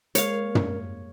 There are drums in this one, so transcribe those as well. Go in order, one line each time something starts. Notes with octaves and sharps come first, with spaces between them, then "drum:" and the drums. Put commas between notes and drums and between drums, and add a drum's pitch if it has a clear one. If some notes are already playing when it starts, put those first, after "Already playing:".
G#3 A#3 A#4 C#5 F5, drum: hi-hat
drum: tom